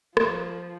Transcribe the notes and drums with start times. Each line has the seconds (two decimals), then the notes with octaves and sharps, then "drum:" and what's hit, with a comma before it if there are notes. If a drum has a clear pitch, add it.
0.17 F3, drum: rim click